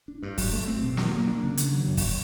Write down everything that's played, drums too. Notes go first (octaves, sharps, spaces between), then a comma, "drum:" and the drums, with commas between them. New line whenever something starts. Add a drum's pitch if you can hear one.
D4
G2
F#3, drum: kick, open hi-hat
A3
C4
B2
F#3, drum: snare
A#3
D4
C#3
D#3, drum: hi-hat
F#3
F#2
drum: kick, open hi-hat